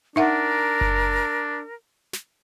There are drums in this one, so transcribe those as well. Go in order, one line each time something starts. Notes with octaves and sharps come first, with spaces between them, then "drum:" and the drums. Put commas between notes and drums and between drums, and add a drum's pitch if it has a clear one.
D4 D#4 A#4 E5 F#5
drum: kick F#1
drum: snare